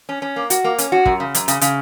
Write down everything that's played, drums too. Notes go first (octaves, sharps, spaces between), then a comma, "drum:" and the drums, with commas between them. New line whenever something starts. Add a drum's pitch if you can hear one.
C#4
C#4
A#3
F#4, drum: hi-hat
A#3
C#4, drum: hi-hat
F#4
F#2, drum: kick
C#3
F#2, drum: hi-hat
C#3, drum: hi-hat
C#3, drum: hi-hat